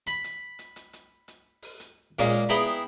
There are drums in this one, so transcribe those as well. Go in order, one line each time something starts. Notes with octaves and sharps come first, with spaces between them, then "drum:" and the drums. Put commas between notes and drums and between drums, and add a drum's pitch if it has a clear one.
B5, drum: hi-hat
drum: hi-hat
drum: hi-hat
drum: hi-hat
drum: hi-hat
drum: hi-hat
drum: open hi-hat
drum: hi-hat
A#2 G#3 A#3 C#4
drum: hi-hat
B3 E4 G#4 G5 A#5 B5
drum: hi-hat